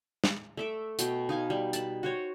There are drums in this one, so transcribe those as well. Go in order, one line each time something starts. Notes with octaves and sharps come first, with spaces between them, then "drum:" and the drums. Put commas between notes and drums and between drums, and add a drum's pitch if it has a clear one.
drum: snare
A3 E5 D6
B2 G5, drum: hi-hat
D#4 F5 G#5
G3
A5 B5, drum: hi-hat
F#4 C5 C#5